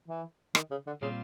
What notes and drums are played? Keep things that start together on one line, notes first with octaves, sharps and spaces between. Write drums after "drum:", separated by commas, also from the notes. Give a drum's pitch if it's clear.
E3
D#3, drum: rim click
C#3
D3
A#2 C#3 G3 C4 F4